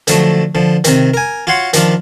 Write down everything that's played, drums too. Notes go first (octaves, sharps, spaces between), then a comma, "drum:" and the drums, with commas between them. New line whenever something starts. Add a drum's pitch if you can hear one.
D3 F3 F#3 A3, drum: hi-hat
D3 F3
C3 D#3, drum: hi-hat
A#4 G#5
F4 F#4 C#5 F#5 C6
D#3 F3 D4 F4, drum: hi-hat